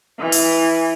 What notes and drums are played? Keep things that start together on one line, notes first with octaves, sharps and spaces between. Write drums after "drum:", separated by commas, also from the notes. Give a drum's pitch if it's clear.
E3
drum: open hi-hat